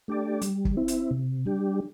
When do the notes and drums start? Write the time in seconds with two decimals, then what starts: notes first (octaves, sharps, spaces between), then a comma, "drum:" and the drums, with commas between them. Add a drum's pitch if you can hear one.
0.08 A3 D4 G4 D5
0.42 G3, drum: hi-hat
0.65 drum: kick
0.77 C4 E4
0.88 drum: hi-hat
1.11 C3
1.46 G3 D4 G4